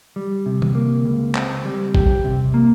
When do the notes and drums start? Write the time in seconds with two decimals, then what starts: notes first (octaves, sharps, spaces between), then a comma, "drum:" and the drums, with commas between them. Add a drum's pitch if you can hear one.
0.16 G3
0.46 C3
0.62 drum: tom
0.75 A#3
1.05 C#2
1.35 C4, drum: clap
1.65 G3
1.95 G4, drum: kick
2.24 C3
2.54 A#3